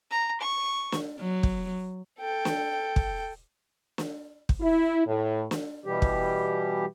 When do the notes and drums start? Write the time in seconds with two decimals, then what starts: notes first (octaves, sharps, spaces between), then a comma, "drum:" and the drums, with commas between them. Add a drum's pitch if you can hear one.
0.11 A#5
0.41 C#6
0.92 drum: snare
1.20 F#3
1.43 drum: kick
2.20 A4 G5
2.45 drum: snare
2.96 drum: kick
3.98 drum: snare
4.49 drum: kick
4.60 E4
5.07 A2
5.51 drum: snare
5.85 B2 E3 G3 G4
6.02 drum: kick